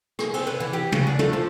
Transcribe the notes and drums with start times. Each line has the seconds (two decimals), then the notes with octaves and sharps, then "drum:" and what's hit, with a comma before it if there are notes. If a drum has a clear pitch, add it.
0.19 G#4, drum: rim click
0.34 C4, drum: cymbal
0.47 B4
0.60 E3
0.73 G4
0.92 C#3, drum: tom
1.07 D4
1.19 A3, drum: tom
1.33 F3